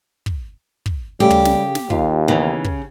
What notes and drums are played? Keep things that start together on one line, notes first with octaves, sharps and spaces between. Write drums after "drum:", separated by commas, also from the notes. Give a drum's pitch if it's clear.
drum: kick
drum: kick
C#3 G3 A3 G4
drum: tom
drum: snare
drum: snare
D#2 F4, drum: kick
C#3 E3 B3 D#4
drum: kick